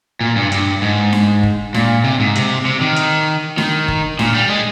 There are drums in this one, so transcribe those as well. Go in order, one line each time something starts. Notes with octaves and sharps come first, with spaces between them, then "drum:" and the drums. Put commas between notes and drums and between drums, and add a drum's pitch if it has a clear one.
A#2
G2
G2, drum: hi-hat
G#2
drum: snare D4
drum: kick
A#2, drum: snare D4
C3
G#2
C3, drum: hi-hat
C3
D#3
drum: hi-hat
D#3, drum: snare D4
drum: kick
A#2, drum: snare D4
G3
G#3